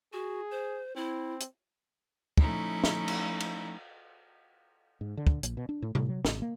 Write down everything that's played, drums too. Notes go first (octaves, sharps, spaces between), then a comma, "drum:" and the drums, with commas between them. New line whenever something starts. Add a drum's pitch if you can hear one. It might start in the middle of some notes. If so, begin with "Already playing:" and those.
F#4 G#4
C5
C4 E4
drum: hi-hat
F3 A3 C#4 D#4 E4, drum: kick
drum: snare
drum: cymbal
drum: cymbal
G#2
D3
drum: kick
A#1, drum: hi-hat
B2
D4
A2
A2, drum: tom C3
F#3
G#1, drum: snare
A#3